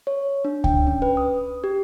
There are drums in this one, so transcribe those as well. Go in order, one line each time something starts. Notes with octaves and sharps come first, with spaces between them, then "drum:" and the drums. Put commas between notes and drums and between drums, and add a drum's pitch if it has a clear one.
C#5
D4
G5, drum: kick C#2
C#4
B4
D#6
G4